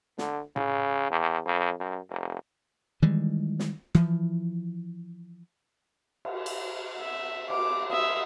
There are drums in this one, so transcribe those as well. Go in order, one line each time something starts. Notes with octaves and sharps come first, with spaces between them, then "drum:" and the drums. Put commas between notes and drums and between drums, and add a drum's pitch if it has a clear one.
D3, drum: snare
C#3, drum: tom A2
E2
F2
F#2
F1
D#3 E3 G3 G#3
drum: snare
E3 F3, drum: rim click
drum: cymbal
drum: cymbal
E5
D6, drum: cymbal
E5 D#6, drum: cymbal